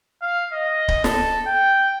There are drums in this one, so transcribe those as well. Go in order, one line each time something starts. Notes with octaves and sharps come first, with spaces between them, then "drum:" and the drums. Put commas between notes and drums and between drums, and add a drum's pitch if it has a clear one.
F5
D#5
drum: kick D1
A4, drum: snare
G5